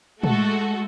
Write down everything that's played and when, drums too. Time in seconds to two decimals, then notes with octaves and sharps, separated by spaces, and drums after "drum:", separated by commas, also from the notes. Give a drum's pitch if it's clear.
0.23 G#3 A3 F#4 A4, drum: tom